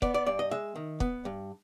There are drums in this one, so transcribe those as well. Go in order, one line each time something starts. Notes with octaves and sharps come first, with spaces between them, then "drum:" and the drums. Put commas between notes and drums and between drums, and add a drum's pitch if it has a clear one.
B3 D5, drum: kick
D5
G2 D5
D#5
G#3 E5
D#3
B3, drum: kick
G2